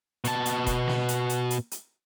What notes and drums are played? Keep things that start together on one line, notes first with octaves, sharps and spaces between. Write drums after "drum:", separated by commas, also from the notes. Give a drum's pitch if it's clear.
B2 A5, drum: hi-hat
drum: hi-hat
drum: kick E1, hi-hat
drum: snare
drum: hi-hat
drum: hi-hat
drum: hi-hat
drum: hi-hat